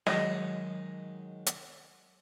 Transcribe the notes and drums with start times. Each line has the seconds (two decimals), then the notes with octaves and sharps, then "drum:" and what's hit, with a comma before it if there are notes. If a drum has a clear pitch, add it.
0.07 D#3 F#3 G#3 D#5, drum: snare
1.46 drum: hi-hat